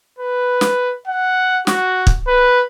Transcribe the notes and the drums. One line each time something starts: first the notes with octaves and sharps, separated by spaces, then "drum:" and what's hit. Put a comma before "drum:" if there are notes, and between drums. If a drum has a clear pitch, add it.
B4
drum: snare
F#5
F#4, drum: snare
drum: kick
B4